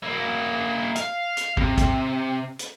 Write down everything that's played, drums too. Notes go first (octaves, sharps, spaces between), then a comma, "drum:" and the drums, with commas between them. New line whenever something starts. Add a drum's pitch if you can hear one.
A#3 E4
F5, drum: hi-hat
drum: hi-hat
C3, drum: kick
drum: kick, hi-hat
drum: hi-hat